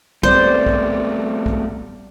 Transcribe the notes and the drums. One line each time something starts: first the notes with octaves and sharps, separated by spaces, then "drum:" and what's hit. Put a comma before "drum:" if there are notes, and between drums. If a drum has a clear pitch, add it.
G3 A3 B3 C4 C5 D5, drum: kick
drum: kick
drum: kick